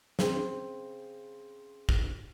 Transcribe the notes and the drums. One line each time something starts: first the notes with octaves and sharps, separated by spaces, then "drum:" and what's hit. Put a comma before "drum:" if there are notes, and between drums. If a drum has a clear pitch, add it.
C#3 C4, drum: snare
drum: kick